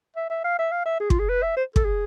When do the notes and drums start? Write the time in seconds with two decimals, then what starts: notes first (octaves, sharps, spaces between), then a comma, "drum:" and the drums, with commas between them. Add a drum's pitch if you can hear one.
0.16 E5
0.30 E5
0.44 F5
0.59 E5
0.72 F5
0.86 E5
1.00 G#4
1.10 F4, drum: kick
1.19 G#4
1.29 B4
1.43 E5
1.57 C5
1.76 A4, drum: kick
1.85 G#4